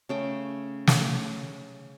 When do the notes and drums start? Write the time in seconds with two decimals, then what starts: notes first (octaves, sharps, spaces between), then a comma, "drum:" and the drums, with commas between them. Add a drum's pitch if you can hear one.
0.09 C#3 A3 G5
0.87 drum: snare